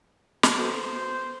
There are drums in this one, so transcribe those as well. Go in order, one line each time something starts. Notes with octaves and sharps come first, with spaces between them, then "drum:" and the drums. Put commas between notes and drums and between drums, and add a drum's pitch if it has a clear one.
drum: snare
B3 F#4 A4 C5